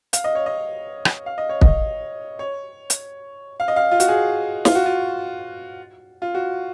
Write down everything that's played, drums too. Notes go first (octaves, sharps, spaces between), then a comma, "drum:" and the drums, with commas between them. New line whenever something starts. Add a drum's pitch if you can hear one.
F5, drum: hi-hat
D#5
C#5
D#5
drum: rim click
F5
D#5
C#5
D#5, drum: kick
C#5
drum: hi-hat
F5
D#5
F5
F4
F#4, drum: hi-hat
G#4
F4, drum: snare
F#4
F4
F4
F#4